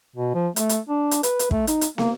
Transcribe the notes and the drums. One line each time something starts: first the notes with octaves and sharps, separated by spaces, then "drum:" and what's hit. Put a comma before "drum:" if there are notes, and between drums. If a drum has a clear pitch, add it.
B2
F3
A3, drum: hi-hat
drum: hi-hat
D4
drum: hi-hat
B4, drum: hi-hat
drum: hi-hat
A3, drum: kick
D#4, drum: hi-hat
drum: hi-hat
A#3, drum: snare